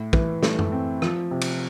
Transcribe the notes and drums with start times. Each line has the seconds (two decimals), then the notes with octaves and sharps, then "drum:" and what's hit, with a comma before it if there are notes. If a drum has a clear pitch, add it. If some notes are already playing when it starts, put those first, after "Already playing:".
Already playing: A2
0.13 E3, drum: kick
0.43 A3, drum: snare
0.59 drum: tom F#2
0.72 C4
1.02 F3, drum: rim click
1.31 C3
1.41 drum: cymbal